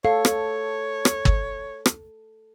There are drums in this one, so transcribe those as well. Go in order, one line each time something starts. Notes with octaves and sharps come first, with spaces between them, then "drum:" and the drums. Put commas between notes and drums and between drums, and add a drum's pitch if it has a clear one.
A4 C#5 F5
drum: rim click
drum: rim click
drum: kick G1
drum: rim click